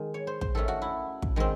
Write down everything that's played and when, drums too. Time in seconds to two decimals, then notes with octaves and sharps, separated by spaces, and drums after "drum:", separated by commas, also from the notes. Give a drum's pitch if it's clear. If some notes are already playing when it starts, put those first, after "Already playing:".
Already playing: D#3 G#3
0.14 C#5
0.27 C5
0.41 C5, drum: kick
0.55 D#3 A3 C#4 A4
0.68 F#4
0.82 E4
1.22 drum: kick
1.36 D#3 G#3 C4